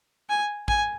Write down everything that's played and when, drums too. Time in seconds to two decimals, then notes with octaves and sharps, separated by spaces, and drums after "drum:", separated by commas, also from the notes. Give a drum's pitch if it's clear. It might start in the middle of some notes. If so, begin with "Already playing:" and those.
0.29 G#5
0.68 G#5, drum: kick